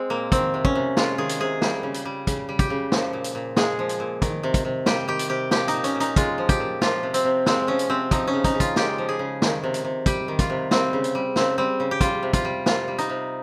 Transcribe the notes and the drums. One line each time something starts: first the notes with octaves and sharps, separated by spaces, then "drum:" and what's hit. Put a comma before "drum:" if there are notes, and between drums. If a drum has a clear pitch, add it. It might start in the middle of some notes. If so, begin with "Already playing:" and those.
Already playing: G#3 C4
A#2 A#3
D#3 C4, drum: kick, hi-hat
C3
C#4, drum: kick
C3
G#3 F4, drum: snare
D#3 G#4
drum: hi-hat
C3 G#4
G3, drum: snare
C#3
drum: hi-hat
G3
C#3, drum: kick, hi-hat
G3
G4, drum: kick, hi-hat
C#3
F3, drum: snare
A#2
drum: hi-hat
A#2
G#3 G#4, drum: snare
F3
drum: hi-hat
A#2
D#3, drum: kick, hi-hat
C3
drum: kick, hi-hat
C3
G3 G4, drum: snare
D#3 G4
drum: hi-hat
C3 G4
F3 G4, drum: snare
D#4, drum: hi-hat
A#2
C#4, drum: hi-hat
A#2
D#4, drum: hi-hat
G#3 F4, drum: kick, hi-hat
F3
G4, drum: kick, hi-hat
A#2
F3 F4, drum: snare
C3
C4, drum: hi-hat
C3
G#3 C4, drum: snare
F3 C#4
drum: hi-hat
C3 C4
F3 D#4, drum: kick, hi-hat
C#4
C#3
D#4, drum: kick, hi-hat
C#3
F4, drum: kick, hi-hat
G#3 G4, drum: snare
F3
G#4
C#3
D#3, drum: snare
C3
drum: hi-hat
C3
G3 G4, drum: kick, hi-hat
D#3
F4, drum: kick, hi-hat
C3
G3 C4, drum: snare
C#3
drum: hi-hat
G3
C#3 C4, drum: snare
G3 C4
C#3
G4
G3 F4, drum: kick, hi-hat
C3
F4, drum: kick, hi-hat
G3
C3 F4, drum: snare
G3
D#4, drum: hi-hat
C3